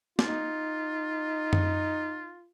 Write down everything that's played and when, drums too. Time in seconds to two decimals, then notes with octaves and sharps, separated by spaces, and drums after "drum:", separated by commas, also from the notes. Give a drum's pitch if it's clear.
0.19 D#4 F4, drum: snare
1.53 drum: tom F#2